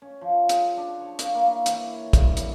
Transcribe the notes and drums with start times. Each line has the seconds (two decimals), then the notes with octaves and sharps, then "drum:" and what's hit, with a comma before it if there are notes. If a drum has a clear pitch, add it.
0.02 C#4
0.21 F3
0.49 G#4, drum: hi-hat
0.77 D4
1.01 C#5
1.19 F5, drum: hi-hat
1.35 A#3
1.47 E4
1.66 E3, drum: hi-hat
1.95 C#5
2.13 G2, drum: kick, hi-hat
2.37 drum: hi-hat